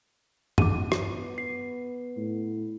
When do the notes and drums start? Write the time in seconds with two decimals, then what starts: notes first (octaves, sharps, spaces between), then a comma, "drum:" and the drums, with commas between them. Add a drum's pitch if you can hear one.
0.58 D6 D#7, drum: tom G2
0.92 drum: rim click
1.04 B3
1.38 C7
2.17 A2